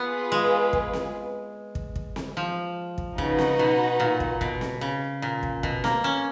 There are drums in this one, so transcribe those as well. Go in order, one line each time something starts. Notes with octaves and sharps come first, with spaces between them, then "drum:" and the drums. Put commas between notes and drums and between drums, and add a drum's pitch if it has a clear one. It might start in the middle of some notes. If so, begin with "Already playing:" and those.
Already playing: B3 F4 G#4 B4
G#3
drum: kick
drum: snare C4
drum: kick
drum: kick
drum: snare C4
F3
drum: kick
C#3 D#4 F#4 B4 F#5, drum: kick
drum: snare C4
B2
A#2
drum: kick
B2, drum: kick
drum: snare C4
C#3
A#2
drum: kick
B2, drum: kick
A#3, drum: snare C4
C#4